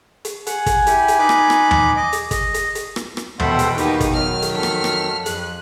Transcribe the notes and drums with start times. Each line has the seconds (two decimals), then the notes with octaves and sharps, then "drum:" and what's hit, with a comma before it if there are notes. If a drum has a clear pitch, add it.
0.25 drum: hi-hat
0.47 F#5 G#5, drum: hi-hat
0.66 drum: kick, hi-hat
0.87 E4 G4, drum: hi-hat
1.08 drum: hi-hat
1.19 D#4 B4 D6
1.29 drum: rim click
1.50 drum: rim click
1.71 drum: tom
1.96 D#5 D6
2.13 drum: hi-hat
2.31 D#5, drum: kick, hi-hat
2.54 drum: hi-hat
2.75 drum: hi-hat
2.96 drum: rim click
3.17 drum: rim click
3.40 E2 B2 B3 A4 C5 E5 F#5 G5, drum: tom
3.59 drum: hi-hat
3.78 D#3 A#3 D#4 G4, drum: hi-hat
4.00 drum: kick, hi-hat
4.14 D#3 F#3 F6
4.42 drum: hi-hat
4.52 F2 A4 F6 B6
4.63 drum: rim click
4.84 drum: rim click
5.26 F2 F#6, drum: hi-hat